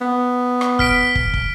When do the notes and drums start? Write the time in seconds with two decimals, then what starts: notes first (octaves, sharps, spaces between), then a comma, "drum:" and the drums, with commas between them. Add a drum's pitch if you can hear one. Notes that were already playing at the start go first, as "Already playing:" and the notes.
0.01 B3
0.61 drum: rim click
0.79 F6 B6 D7, drum: kick
1.15 drum: kick
1.34 drum: kick